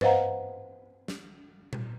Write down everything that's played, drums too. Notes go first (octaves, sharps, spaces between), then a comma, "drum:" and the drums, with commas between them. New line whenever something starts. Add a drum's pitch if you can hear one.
B4 C5 D#5 F5 F#5 A#5, drum: tom G2
drum: snare
drum: tom A#2